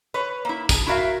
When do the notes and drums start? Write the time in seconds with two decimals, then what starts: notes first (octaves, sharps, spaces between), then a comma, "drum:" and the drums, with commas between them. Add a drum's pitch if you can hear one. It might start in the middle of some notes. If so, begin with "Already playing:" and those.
0.14 B4 C#5
0.45 A#3 E4
0.69 G#4 G#5 A5, drum: kick, tambourine
0.86 E4 F#4 A#4 E5 F5